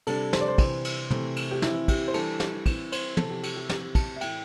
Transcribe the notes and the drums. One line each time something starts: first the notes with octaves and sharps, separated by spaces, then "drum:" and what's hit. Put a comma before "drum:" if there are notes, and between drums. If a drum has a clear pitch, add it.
C3 G3 D4 A4, drum: cymbal
C5, drum: snare
D5
C5
C3 E3 C4, drum: kick, cymbal
drum: cymbal
C3 E3 A3 C4, drum: tom
drum: cymbal
G4
E3 C4 E4, drum: snare
G4, drum: kick, cymbal
C5
E3 G3 D4 A4, drum: cymbal
drum: snare
E3 C4, drum: kick, cymbal
C5, drum: cymbal
C3 E3 C4 A4, drum: tom
G4
G4, drum: cymbal
G4
E3 C4 G4, drum: snare
A5, drum: kick, cymbal
E5
A2 E3 A3 G5, drum: cymbal